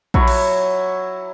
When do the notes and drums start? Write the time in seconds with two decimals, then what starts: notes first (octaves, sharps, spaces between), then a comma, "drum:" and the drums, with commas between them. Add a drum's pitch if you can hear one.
0.14 F#3 E4 C#6, drum: kick A#1
0.28 drum: cymbal